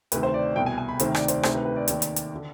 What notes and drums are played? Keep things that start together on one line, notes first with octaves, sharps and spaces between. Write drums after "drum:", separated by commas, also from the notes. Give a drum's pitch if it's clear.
D2 C3 D#3 B4, drum: hi-hat
C5
D5
C2 B2 G5
G#5
G#5
B5
D2 C3 D#3 C5, drum: hi-hat
D5, drum: rim click
C5, drum: hi-hat
D2 C3 D#3 C5, drum: rim click
B4
B4
D5
D#2 D#3, drum: hi-hat
drum: hi-hat
drum: hi-hat
D3